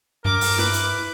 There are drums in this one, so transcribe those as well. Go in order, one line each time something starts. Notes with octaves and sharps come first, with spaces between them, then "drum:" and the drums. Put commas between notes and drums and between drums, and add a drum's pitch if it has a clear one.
G2 A#4 D6
drum: open hi-hat
E4 B4, drum: snare
drum: hi-hat